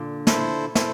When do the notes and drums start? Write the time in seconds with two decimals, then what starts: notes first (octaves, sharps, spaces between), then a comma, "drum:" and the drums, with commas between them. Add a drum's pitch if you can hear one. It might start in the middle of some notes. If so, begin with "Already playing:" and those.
Already playing: A#2 D3
0.27 E4 A4 C5, drum: snare
0.75 E4 A4 C5, drum: snare